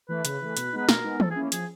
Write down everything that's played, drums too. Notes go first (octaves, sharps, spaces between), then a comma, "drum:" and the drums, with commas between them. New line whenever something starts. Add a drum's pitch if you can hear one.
E3 A3 B4
C#3, drum: hi-hat
E3 A3
B2, drum: hi-hat
G#3 B3 D#4 B4
B2 A#4, drum: snare
G#3 B3 D#4
F3 A4, drum: tom E3
G#4
A#3 C#4 E4
F3 G#4, drum: hi-hat